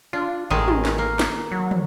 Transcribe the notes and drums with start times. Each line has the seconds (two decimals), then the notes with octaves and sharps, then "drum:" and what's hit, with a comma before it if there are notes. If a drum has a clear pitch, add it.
0.13 D4 F4
0.50 A1 D#3 G#3 G#4
0.68 drum: tom
0.85 drum: snare
0.98 A#3
1.19 drum: snare
1.51 F#3
1.71 drum: tom